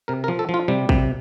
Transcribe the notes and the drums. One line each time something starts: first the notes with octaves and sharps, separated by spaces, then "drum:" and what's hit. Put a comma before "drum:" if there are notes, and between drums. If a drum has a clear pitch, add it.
C3 A#4
A#4
F3
A4
F3
F4
C3 G3
C3, drum: kick